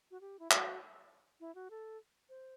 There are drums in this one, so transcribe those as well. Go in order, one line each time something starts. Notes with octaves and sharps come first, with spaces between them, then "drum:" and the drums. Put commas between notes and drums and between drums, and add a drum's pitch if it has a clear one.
F#4
G4
E4
F#4, drum: clap
E4
F#4
A4
C5